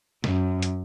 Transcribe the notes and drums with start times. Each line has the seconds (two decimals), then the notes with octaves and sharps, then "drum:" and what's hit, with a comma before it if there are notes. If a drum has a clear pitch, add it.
0.24 F#2, drum: snare
0.62 drum: hi-hat